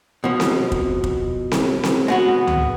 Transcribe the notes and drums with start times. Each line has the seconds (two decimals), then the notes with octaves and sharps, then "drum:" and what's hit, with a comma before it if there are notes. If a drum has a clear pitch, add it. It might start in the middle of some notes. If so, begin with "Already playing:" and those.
0.24 B2 F3
0.40 drum: snare C4
0.72 drum: kick
1.04 drum: kick
1.52 drum: snare C4
1.83 drum: snare C4
2.08 G#3 B3 F#4
2.47 drum: tom C#2